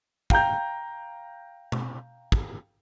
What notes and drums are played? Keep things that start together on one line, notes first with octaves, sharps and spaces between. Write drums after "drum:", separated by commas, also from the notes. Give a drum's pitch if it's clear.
F5 G5 A#5 G6, drum: kick
drum: tom B2
drum: kick